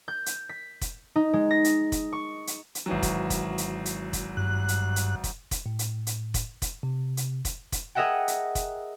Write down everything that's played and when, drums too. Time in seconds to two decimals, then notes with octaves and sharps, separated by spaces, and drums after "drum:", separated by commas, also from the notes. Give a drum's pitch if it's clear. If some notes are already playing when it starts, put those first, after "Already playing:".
0.08 G6
0.26 drum: hi-hat
0.49 B6
0.82 drum: kick F1, hi-hat
1.16 D#4
1.33 G#3
1.51 A#6
1.64 drum: hi-hat
1.92 drum: kick F1, hi-hat
2.12 C#6
2.47 drum: hi-hat
2.75 drum: hi-hat
2.86 G#1 E3 F#3
3.03 drum: kick F1, hi-hat
3.30 drum: kick F1, hi-hat
3.58 drum: hi-hat
3.86 drum: hi-hat
4.13 drum: kick F1, hi-hat
4.37 G2 F#6
4.68 drum: hi-hat
4.96 drum: hi-hat
5.24 drum: kick F1, hi-hat
5.51 drum: kick F1, hi-hat
5.66 A2
5.79 drum: hi-hat
6.07 drum: hi-hat
6.34 drum: kick F1, hi-hat
6.62 drum: kick F1, hi-hat
6.83 C3
7.17 drum: hi-hat
7.45 drum: kick F1, hi-hat
7.72 drum: kick F1, hi-hat
7.95 G#4 A#4 D#5 E5 F#5 G5
8.28 drum: hi-hat
8.55 drum: kick F1, hi-hat